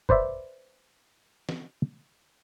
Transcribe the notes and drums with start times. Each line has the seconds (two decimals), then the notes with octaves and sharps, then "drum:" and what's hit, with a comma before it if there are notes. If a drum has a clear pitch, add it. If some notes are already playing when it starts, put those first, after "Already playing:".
0.09 B4 C5 D5 E5, drum: kick
1.49 drum: snare